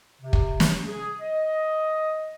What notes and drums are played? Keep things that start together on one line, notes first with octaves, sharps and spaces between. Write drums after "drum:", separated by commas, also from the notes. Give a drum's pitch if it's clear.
C3
drum: kick
drum: snare
G#4
D#5